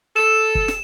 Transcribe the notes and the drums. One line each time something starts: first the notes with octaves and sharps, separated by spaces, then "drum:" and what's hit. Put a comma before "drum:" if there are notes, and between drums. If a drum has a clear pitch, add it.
A4 E7
drum: kick
drum: snare